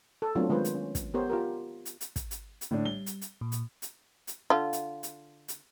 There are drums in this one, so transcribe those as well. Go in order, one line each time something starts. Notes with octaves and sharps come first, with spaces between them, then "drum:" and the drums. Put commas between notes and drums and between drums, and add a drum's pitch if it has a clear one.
A4
F#3 A3 B3 C4 D4 F4
D#3 G#3 B3 F4 B4 C5
drum: hi-hat
C#4
drum: kick, hi-hat
B3 G4 A#4 C5 C#5
F4 G4 A#4
drum: hi-hat
drum: hi-hat
drum: kick, hi-hat
drum: hi-hat
drum: hi-hat
A2 D3 D4
G3 G7
drum: hi-hat
drum: hi-hat
A#2
drum: hi-hat
drum: hi-hat
drum: hi-hat
D3 F4
drum: hi-hat
drum: hi-hat
drum: hi-hat